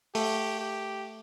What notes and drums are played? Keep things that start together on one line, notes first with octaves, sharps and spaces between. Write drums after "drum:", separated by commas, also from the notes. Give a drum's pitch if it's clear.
A3 G4, drum: open hi-hat
G4